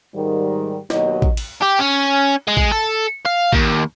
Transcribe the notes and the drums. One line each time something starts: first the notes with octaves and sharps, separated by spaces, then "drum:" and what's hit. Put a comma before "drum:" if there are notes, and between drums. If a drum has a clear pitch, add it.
G#2 D#3 G3
D#2 B2 F#3 D#5, drum: snare
drum: kick
drum: cymbal
G4
C#4
G#3
drum: kick
A4
F5
D#2, drum: kick